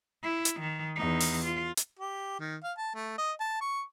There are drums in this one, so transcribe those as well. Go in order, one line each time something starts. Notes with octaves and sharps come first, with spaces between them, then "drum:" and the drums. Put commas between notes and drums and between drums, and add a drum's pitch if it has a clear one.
E4
drum: hi-hat
D#3
E2 D#4
drum: open hi-hat
F4
drum: hi-hat
G4
D#3
F5
A5
A3
D#5
A5
C#6